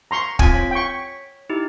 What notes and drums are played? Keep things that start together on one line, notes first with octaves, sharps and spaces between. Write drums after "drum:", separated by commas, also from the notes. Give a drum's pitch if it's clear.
A#5 C6 C#6
C4 F4 G#5 B6, drum: kick
C#5 B6
G5 C#6
D#4 E4 G4